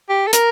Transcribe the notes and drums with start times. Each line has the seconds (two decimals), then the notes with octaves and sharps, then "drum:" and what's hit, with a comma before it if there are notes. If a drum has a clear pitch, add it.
0.09 G4
0.27 A4
0.33 A#4, drum: hi-hat